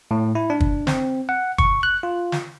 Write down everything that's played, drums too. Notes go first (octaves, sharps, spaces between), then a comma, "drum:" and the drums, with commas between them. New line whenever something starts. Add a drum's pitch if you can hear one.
A2
E4
D4
drum: kick
C4, drum: snare
F#5
C#6, drum: kick
F#6
F4
drum: snare